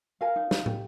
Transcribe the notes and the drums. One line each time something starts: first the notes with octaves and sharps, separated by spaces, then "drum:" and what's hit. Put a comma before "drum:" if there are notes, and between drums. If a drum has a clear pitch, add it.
A#4 F5 G#5
D#4
D#4, drum: snare
G4, drum: tom